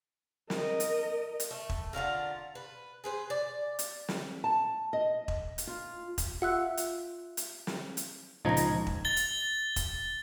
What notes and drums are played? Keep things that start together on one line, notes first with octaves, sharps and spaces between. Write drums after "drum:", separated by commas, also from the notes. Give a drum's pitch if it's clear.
A#4 D#5, drum: snare
drum: hi-hat
drum: hi-hat
A3
drum: kick E1
D3 D4 F4 A#4
B4
G#4 B4 C5
D5
drum: hi-hat
drum: snare
A5
D#5
drum: kick E1
drum: hi-hat
F4
drum: kick E1, hi-hat
F4 E5 F#5 E6 F#6
drum: hi-hat
drum: hi-hat
drum: snare
drum: hi-hat
C#2 A#2 F3 D#4 D#5 G#6 A#6
drum: hi-hat
drum: kick E1
A6 G7
drum: hi-hat
drum: kick E1, hi-hat